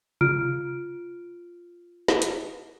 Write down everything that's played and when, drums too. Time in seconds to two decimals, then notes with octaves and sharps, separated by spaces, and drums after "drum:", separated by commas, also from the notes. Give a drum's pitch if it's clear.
0.21 F4 F6 D7, drum: tom C3
2.08 drum: snare
2.22 drum: hi-hat